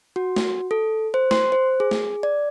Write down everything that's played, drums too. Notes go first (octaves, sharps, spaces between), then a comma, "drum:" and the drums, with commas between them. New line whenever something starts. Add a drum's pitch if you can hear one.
F#4
drum: snare
A4
C5
C6, drum: snare
C5
G#4
drum: snare
D5